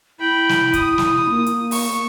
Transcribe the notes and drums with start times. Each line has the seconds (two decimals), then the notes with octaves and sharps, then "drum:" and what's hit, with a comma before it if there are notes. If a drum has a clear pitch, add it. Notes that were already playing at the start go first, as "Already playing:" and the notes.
0.20 E4 G5 B5
0.49 drum: snare
0.74 D#6, drum: kick, hi-hat
0.98 drum: snare
1.30 A#3
1.46 drum: hi-hat
1.71 C#6, drum: open hi-hat